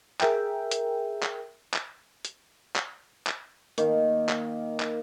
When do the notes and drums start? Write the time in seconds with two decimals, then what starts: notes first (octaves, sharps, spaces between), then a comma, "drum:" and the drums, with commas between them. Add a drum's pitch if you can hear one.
0.20 G#4 A#4 E5 G5, drum: clap
0.71 drum: hi-hat
1.23 drum: clap
1.74 drum: clap
2.25 drum: hi-hat
2.76 drum: clap
3.27 drum: clap
3.78 D#3 A#3, drum: hi-hat
4.29 drum: clap
4.80 drum: clap